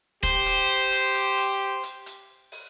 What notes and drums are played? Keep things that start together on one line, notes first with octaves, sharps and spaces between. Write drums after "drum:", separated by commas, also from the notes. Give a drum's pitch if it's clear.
G4 C5, drum: kick, hi-hat
drum: hi-hat
drum: hi-hat
drum: hi-hat
drum: hi-hat
drum: hi-hat
drum: hi-hat
drum: open hi-hat